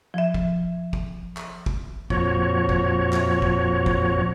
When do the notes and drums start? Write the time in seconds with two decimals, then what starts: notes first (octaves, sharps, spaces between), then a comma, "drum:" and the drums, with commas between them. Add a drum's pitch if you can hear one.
0.14 F3 E5
0.34 drum: kick
0.93 drum: kick
1.37 drum: clap
1.66 drum: kick
2.10 F2 A#2 F3 F#4 C#5, drum: kick
2.69 drum: kick
3.13 drum: clap
3.42 drum: kick
3.86 drum: kick